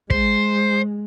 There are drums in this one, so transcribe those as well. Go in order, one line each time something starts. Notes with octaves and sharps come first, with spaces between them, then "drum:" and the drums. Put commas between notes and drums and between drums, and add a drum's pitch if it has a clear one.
G#3 C5, drum: kick